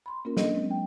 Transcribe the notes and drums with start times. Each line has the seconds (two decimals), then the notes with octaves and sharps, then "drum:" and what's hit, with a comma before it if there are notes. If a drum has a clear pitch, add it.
0.06 B5 C6
0.25 A#3 C#4 F4 A#4
0.37 D4 D#5, drum: snare
0.55 F#3 G#3 C4
0.71 G5